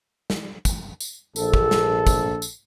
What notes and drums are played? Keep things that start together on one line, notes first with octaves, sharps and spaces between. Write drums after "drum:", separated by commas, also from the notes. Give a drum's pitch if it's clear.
drum: snare
drum: kick, tambourine
drum: tambourine
A#1 A4, drum: tambourine
drum: kick
drum: snare
drum: kick, tambourine
drum: tambourine